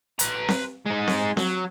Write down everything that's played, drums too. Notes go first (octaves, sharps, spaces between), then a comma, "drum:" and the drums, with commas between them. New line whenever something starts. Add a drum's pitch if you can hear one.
B4 A#5, drum: hi-hat
drum: snare C4
G#3 D#4
drum: snare C4
F#3, drum: snare C4